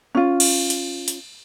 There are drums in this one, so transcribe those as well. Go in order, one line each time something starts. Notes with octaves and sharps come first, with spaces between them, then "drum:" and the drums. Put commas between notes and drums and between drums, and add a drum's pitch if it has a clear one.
C#4 F4
drum: cymbal
drum: hi-hat
drum: hi-hat